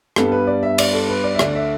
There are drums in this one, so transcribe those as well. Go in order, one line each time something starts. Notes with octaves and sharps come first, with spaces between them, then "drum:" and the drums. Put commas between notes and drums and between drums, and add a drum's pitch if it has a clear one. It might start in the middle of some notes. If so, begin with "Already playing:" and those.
G2 G3 B3 A4, drum: rim click
B4
D5
E5
D5, drum: cymbal
A4
B4
D5
E5
D2 D3 A3 D5, drum: rim click
E5